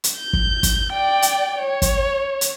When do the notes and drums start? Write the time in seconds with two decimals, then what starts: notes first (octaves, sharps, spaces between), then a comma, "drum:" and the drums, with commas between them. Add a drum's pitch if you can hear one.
0.04 drum: hi-hat
0.18 G6
0.33 drum: kick
0.63 drum: kick, hi-hat
0.93 D5 G5
1.22 drum: hi-hat
1.59 C#5
1.82 drum: kick, hi-hat
2.41 drum: hi-hat